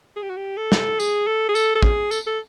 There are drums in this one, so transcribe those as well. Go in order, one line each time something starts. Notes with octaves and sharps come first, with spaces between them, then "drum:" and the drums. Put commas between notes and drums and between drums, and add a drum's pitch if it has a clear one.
G#4
G4
F#4
G4
A4
drum: snare
G#4, drum: tambourine
A4
G#4
A4, drum: tambourine
A4
G#4, drum: kick
A4, drum: tambourine
A4